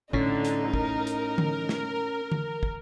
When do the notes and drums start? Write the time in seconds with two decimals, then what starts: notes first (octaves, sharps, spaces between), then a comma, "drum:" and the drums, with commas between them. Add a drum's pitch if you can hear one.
0.13 A2 D3 C#4 D#4, drum: kick
0.45 drum: hi-hat
0.74 A#4, drum: kick
1.07 drum: hi-hat
1.38 drum: tom D3
1.69 drum: snare
2.32 drum: tom D3
2.63 drum: kick